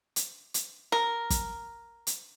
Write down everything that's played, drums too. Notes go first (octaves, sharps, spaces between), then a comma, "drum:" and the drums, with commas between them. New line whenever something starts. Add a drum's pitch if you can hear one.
drum: hi-hat
drum: hi-hat
A#4, drum: rim click
drum: kick, hi-hat
drum: hi-hat